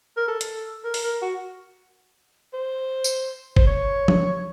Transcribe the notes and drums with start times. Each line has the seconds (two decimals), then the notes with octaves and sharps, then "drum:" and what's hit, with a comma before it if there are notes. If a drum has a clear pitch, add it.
0.17 A#4
0.28 A4
0.41 drum: hi-hat
0.85 A#4
0.94 drum: open hi-hat
1.04 A#4
1.22 F#4
2.54 C5
3.04 drum: tambourine
3.56 C5, drum: kick
3.67 C#5
4.08 drum: tom F3